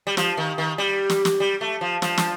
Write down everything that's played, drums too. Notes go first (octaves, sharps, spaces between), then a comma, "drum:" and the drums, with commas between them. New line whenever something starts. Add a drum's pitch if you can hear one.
G3
F3, drum: snare
D#3
D#3
G3
drum: snare
drum: snare
G3
A3
F3
F3, drum: snare
drum: snare